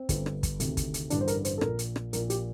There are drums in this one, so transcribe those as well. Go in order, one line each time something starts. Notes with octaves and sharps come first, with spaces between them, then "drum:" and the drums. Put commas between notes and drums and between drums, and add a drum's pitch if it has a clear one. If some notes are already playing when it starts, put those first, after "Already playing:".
Already playing: C4
G1 G2 D3, drum: kick, hi-hat
drum: rim click
drum: kick, hi-hat
D2 C3 D#3, drum: hi-hat
drum: kick, hi-hat
drum: hi-hat
A1 G2 D3 D4, drum: hi-hat
C5
A#4, drum: hi-hat
C5, drum: hi-hat
A4
A#1 A#2 A#4, drum: rim click
drum: hi-hat
drum: rim click
A#1 A#2 A#4, drum: hi-hat
G4, drum: hi-hat